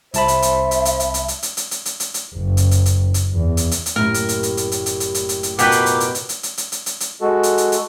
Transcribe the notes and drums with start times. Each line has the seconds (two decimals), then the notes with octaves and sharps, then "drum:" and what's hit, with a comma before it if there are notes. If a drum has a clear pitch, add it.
0.14 C2 C5 E5 A5 B5, drum: hi-hat
0.28 drum: hi-hat
0.42 drum: hi-hat
0.71 drum: hi-hat
0.85 drum: hi-hat
1.00 drum: hi-hat
1.14 drum: hi-hat
1.28 drum: hi-hat
1.43 drum: hi-hat
1.57 drum: hi-hat
1.71 drum: hi-hat
1.85 drum: hi-hat
2.00 drum: hi-hat
2.14 drum: hi-hat
2.36 F#1
2.57 drum: hi-hat
2.71 drum: hi-hat
2.86 drum: hi-hat
3.14 drum: hi-hat
3.34 E2
3.57 drum: hi-hat
3.71 drum: hi-hat
3.86 drum: hi-hat
3.96 F#1 A2 G4 A#4
4.14 drum: hi-hat
4.29 drum: hi-hat
4.43 drum: hi-hat
4.57 drum: hi-hat
4.72 drum: hi-hat
4.86 drum: hi-hat
5.00 drum: hi-hat
5.14 drum: hi-hat
5.29 drum: hi-hat
5.43 drum: hi-hat
5.59 B2 F4 G4 A#4 B4 D6, drum: hi-hat
5.72 drum: hi-hat
5.86 drum: hi-hat
6.00 drum: hi-hat
6.15 drum: hi-hat
6.29 drum: hi-hat
6.43 drum: hi-hat
6.57 drum: hi-hat
6.72 drum: hi-hat
6.86 drum: hi-hat
7.00 drum: hi-hat
7.21 G#3 F#4 A4
7.43 drum: hi-hat
7.58 drum: hi-hat
7.72 drum: hi-hat